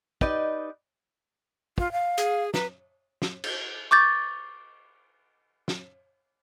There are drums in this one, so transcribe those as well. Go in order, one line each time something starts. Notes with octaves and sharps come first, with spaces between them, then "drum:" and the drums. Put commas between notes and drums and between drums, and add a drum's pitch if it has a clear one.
D#4 G4 B4 D5 D#5, drum: kick
F4, drum: kick
F5
G#4, drum: hi-hat
B4 A#5, drum: snare
drum: snare
drum: cymbal
C#6 D6 G6 A6
drum: snare